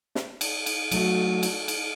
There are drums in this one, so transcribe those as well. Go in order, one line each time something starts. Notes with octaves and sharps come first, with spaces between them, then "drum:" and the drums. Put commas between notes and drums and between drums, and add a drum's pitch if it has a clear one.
drum: snare
drum: cymbal
drum: cymbal
F#3 A3 F#4, drum: cymbal
drum: cymbal
drum: cymbal